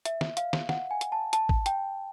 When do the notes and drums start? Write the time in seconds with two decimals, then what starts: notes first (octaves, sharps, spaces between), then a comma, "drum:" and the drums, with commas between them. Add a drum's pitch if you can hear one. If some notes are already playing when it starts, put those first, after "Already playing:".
0.05 E5, drum: hi-hat
0.21 drum: snare
0.37 F5, drum: hi-hat
0.53 drum: snare
0.69 F#5, drum: snare
0.91 G#5
1.01 drum: hi-hat
1.12 A5
1.33 A5, drum: hi-hat
1.49 drum: kick
1.66 G5, drum: hi-hat